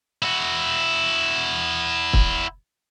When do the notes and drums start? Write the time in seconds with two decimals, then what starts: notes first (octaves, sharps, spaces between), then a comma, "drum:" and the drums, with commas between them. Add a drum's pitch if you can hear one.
0.23 E4 F#4
2.13 drum: kick